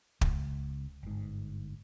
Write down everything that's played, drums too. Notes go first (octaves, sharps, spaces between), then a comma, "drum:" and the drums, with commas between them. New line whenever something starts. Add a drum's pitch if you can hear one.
C#2, drum: kick
G1 G#2